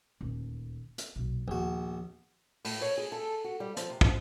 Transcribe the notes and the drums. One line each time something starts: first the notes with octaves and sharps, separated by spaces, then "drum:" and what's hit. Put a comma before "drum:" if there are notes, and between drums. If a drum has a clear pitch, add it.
D#1 D2
drum: hi-hat
B1 A#2
A#1 D#2 B3 F#4
A2, drum: open hi-hat
C#5
G#4
A4
F#4
G3
F3, drum: hi-hat
C3
F3, drum: kick